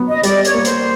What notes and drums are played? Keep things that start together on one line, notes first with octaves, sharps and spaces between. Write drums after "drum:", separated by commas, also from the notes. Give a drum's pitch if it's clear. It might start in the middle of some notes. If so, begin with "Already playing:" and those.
Already playing: F#3 B3
D#5
G3 D5, drum: hi-hat
C#5, drum: hi-hat
A#3
C5, drum: hi-hat